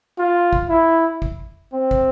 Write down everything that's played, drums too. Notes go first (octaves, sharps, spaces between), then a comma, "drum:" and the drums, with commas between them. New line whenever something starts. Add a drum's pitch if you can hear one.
F4
drum: kick
E4
drum: kick
C4
drum: kick